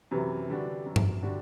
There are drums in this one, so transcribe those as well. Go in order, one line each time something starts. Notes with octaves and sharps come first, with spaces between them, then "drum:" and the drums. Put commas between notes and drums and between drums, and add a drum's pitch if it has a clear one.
F#2 C3 E3
D3 G3 D4 F#4
F#2
drum: tom G2
D3 G3 D4 F#4